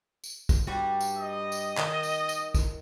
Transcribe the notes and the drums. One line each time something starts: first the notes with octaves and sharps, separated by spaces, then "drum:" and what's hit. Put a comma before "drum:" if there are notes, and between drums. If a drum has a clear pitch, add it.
drum: tambourine
drum: kick, tambourine
G2 G3 F#4
drum: tambourine
D#5
drum: tambourine
D#3, drum: clap
drum: tambourine
drum: tambourine
drum: kick, tambourine